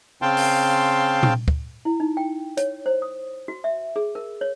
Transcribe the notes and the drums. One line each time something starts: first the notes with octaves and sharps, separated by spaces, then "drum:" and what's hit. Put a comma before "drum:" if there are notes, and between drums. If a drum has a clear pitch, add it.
C#3 C4 F5 G5 A5 C6
drum: open hi-hat
drum: tom A#2
drum: kick
E4
D#4
G5
C#5, drum: hi-hat
C5
D#6
F#4
E5
G#4
A#4
C#5